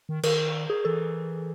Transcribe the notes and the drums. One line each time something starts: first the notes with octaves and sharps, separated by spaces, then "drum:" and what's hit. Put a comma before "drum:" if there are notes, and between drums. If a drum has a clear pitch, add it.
D#3
D#3 A#4, drum: cymbal
G#4
E3 A4